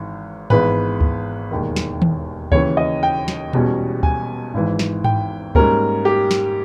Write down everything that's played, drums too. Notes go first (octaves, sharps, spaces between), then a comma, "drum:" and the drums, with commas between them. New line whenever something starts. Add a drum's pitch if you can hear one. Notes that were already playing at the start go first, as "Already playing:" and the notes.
Already playing: G#1 G#2 E3
G#1 G#2 E3 G#3 B3 B4, drum: tom G#2
drum: kick D2
E1 D#2 D#3
drum: snare
drum: tom D#3
D#2 C#3 E3 C#5, drum: kick D2
D#5
G5
drum: snare
E1 E2 B2 G3 C#4, drum: tom A#2
G#5, drum: kick D2
G#1 G#2 E3
drum: snare
G5, drum: tom G#2
G#2 G3 A#3 C#4 A#4, drum: kick D2
G4
drum: snare